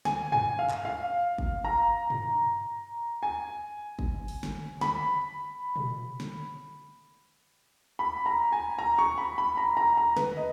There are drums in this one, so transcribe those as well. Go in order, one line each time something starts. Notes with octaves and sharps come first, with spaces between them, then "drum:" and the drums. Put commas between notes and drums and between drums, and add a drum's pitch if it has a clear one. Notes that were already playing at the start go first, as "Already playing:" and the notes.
G#5, drum: snare
G#5, drum: tom G2
F5
drum: clap
F5
drum: kick
A#5
drum: tom G2
G#5
drum: kick
drum: open hi-hat
drum: snare
B5, drum: snare
drum: tom A#2
drum: snare
B5
A#5
G#5
A#5
C#6
B5
B5
A#5
A#5
A#5
B4, drum: snare
D#5